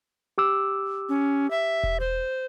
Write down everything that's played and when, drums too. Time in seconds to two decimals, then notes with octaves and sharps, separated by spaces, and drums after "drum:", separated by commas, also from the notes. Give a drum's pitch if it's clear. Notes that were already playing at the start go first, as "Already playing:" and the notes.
0.38 G4 D6 E6
1.09 C#4
1.51 E5
1.83 drum: kick E1
2.00 C5